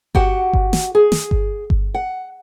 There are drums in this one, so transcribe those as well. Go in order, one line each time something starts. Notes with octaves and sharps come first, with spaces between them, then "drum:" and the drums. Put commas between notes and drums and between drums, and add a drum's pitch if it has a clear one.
F#4 G4 F#5, drum: kick G1
drum: kick G1
drum: snare
G#4
drum: snare
drum: kick G1
drum: kick G1
F#5